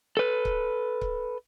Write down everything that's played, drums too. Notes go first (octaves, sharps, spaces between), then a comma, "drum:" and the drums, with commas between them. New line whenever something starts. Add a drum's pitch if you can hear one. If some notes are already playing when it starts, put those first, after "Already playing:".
A4 B4
drum: kick C#1
drum: kick C#1